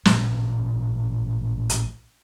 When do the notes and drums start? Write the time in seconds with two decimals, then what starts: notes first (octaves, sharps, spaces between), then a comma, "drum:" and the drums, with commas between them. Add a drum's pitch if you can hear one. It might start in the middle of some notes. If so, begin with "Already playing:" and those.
0.05 A1 A#2 C#4, drum: snare
1.69 drum: hi-hat